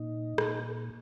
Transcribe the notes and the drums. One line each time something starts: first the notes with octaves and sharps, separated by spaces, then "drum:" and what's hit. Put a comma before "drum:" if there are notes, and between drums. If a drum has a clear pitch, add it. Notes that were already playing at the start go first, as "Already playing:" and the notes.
Already playing: A#2 D#4
A#2, drum: rim click